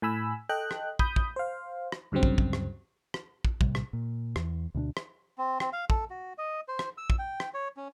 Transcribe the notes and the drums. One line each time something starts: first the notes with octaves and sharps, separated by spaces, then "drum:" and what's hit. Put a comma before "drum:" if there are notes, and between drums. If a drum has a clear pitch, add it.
A2 G#5 B5 E6
A4 D#5 G5 F#6
drum: rim click
B5 D#6 G6, drum: kick
drum: kick
C5 F5
drum: rim click
D2 G2 C#3 F#3 C4
drum: kick
drum: kick
drum: rim click
drum: rim click
drum: kick
A#1 A2 C3 G3, drum: kick
drum: rim click
A#2
E2, drum: rim click
D2 B2 C#4 D4
drum: rim click
C4
C4, drum: rim click
F5
A4, drum: kick
F#4
D#5
C5
drum: rim click
E6
drum: kick
G5
drum: rim click
C#5
C#4